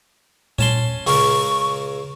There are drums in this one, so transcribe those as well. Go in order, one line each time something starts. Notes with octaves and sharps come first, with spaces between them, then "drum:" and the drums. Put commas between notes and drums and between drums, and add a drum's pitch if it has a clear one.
C#4 A5 C6, drum: tom A#2
C#2 A#4 C#6, drum: open hi-hat